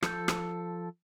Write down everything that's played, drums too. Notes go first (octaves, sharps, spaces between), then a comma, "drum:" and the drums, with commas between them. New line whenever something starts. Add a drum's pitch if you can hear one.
F3 A4 G6, drum: rim click
drum: rim click